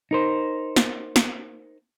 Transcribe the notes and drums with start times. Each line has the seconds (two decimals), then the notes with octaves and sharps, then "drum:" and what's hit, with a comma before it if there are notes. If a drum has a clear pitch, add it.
0.11 D#4 A#4 C5
0.76 drum: snare
1.16 drum: snare